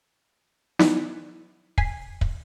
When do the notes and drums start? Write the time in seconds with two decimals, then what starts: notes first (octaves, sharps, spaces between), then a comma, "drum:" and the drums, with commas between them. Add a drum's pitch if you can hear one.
0.79 D#4 E4 D5 F#5 G#5 B5, drum: snare
1.78 G#5 B6 C7, drum: kick
2.21 drum: kick